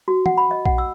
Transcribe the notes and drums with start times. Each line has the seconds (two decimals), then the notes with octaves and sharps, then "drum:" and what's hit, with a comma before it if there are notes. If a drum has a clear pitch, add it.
0.08 F#4
0.26 F#5, drum: tom
0.38 B5
0.51 D#5
0.65 F#5, drum: kick A#1
0.78 E6